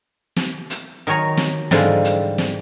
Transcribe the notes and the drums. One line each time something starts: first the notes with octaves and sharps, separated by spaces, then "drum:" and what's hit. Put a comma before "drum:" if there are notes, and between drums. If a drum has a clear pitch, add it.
drum: snare
drum: hi-hat
D#3 F#3 C#5 G#5 A#5
drum: snare
G#2 D3 E3 F3 G3 G#3, drum: snare
drum: hi-hat
drum: snare